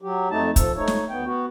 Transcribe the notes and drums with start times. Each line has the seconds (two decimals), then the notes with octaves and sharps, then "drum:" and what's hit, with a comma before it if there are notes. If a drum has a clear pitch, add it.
0.01 F#3 G4
0.31 F2 A3 D#4 A5
0.56 F3 A4, drum: kick, hi-hat
0.77 A3 D#4 C#5
0.88 drum: snare
1.10 D2 B3 G5
1.26 B3 F#4